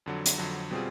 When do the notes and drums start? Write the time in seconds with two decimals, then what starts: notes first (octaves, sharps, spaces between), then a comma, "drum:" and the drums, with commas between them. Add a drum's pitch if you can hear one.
0.06 F2 D3 F#3
0.26 drum: hi-hat
0.38 F2 D3 F#3
0.71 B2 G3 C4 F4 G#4